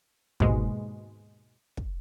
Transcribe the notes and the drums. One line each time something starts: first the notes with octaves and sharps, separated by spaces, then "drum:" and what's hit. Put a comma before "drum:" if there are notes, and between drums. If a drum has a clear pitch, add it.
D#2 G#2 B2 G#3, drum: tom
drum: kick